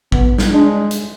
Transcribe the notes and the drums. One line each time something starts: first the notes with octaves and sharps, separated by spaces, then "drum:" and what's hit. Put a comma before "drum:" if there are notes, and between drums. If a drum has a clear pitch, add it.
B3, drum: kick A1
drum: snare
G#3 D4
drum: hi-hat